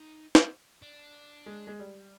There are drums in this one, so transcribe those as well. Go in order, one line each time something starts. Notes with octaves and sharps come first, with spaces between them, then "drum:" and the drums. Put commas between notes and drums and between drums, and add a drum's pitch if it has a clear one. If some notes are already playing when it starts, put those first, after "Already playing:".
Already playing: D#4
drum: snare
D4
G#3
G#3
G3